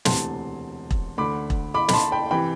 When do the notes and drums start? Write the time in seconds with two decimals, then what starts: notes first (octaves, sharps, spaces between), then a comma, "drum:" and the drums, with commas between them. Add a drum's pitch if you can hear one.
0.05 E1 D2 C3 E3 A5 C6, drum: snare
0.91 drum: kick E1
1.18 D2 D3 B5 D6
1.50 drum: kick E1
1.74 B5 D6
1.89 B5, drum: snare
1.93 A5 C6
2.12 G5 B5
2.31 C3 E3 G5 B5